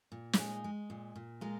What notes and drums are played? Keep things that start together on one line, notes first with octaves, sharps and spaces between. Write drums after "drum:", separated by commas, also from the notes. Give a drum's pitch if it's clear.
A#2
F4, drum: snare
G#3 D#4 G#4
G#3
A#2
A#2
G#3 F4 A#4